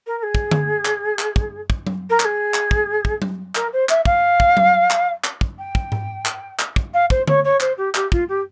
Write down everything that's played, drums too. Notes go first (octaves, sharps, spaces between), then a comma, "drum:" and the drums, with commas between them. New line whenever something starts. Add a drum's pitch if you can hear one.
A#4
A#4
G#4
drum: kick
drum: tom D3
drum: clap
drum: clap
drum: kick
drum: kick
drum: tom F#3
A#4
A#4, drum: clap
G#4
drum: clap
drum: kick
drum: kick
drum: tom F#3
A#4, drum: clap
C5
E5, drum: clap
F5, drum: kick
drum: kick
drum: tom F#3
drum: clap
drum: clap
drum: kick
G5
drum: kick
drum: tom G#2
drum: clap
drum: clap
drum: kick
F5
C5, drum: kick
C#5, drum: tom D3
C#5
C5, drum: clap
G4
G4, drum: clap
F4, drum: kick
G4